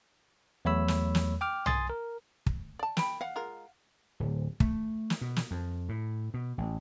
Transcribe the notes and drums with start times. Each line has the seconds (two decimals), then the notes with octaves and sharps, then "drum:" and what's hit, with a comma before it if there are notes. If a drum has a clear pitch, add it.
0.65 E2 F#3 A3 C#5 B5 E6
0.88 drum: snare
1.15 drum: snare
1.41 G5 D6 F6
1.66 G#5 C6 D#6 A6, drum: tom
1.90 A#4
2.46 drum: kick
2.79 D5 A5
2.97 G5 B5, drum: snare
3.21 F5 F#5
3.36 G#3 F4 A#4
4.20 D1
4.60 A3, drum: kick
5.10 drum: snare
5.21 B2
5.36 drum: snare
5.51 F2
5.89 A2
6.34 B2
6.58 A1